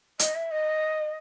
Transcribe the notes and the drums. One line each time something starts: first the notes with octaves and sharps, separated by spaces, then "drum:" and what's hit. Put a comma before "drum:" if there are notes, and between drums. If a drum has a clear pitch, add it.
D#5, drum: hi-hat
E5
D#5